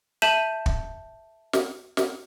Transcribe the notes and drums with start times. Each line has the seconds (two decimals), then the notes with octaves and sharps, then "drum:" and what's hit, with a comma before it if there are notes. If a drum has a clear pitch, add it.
0.22 E5 A5 G6 D#7 E7 F#7
0.66 drum: kick
1.53 drum: snare
1.97 drum: snare